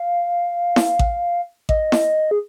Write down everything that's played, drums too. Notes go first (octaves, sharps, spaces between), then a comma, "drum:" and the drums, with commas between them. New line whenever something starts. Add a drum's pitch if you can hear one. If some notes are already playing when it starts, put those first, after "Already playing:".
Already playing: F5
drum: snare E4
drum: kick A1
D#5, drum: kick A1
drum: snare E4
G#4